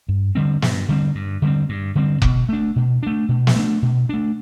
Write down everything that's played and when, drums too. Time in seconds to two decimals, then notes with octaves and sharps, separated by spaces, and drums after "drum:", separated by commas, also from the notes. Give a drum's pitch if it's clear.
0.09 G2
0.35 D3 G3 C4
0.62 G2, drum: snare
0.89 D3 G3 C4
1.15 G2
1.42 D3 G3 C4
1.69 G2
1.95 D3 G3 C4
2.22 B2, drum: kick F1
2.49 A3 D4
2.76 B2
3.03 A3 D4
3.29 B2
3.47 drum: snare
3.56 A3 D4
3.82 B2
4.09 A3 D4